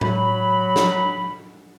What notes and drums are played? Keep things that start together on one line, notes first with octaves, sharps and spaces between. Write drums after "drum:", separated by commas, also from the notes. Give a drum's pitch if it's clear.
F#3 B5, drum: tom A2
drum: snare